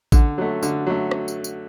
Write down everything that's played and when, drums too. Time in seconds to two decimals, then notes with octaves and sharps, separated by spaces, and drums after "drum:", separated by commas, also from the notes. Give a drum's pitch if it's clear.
0.12 D3, drum: kick A1, tambourine
0.38 F#3 A3
0.63 D3, drum: tambourine
0.87 F#3 A3
1.11 drum: rim click
1.28 drum: tambourine
1.44 drum: tambourine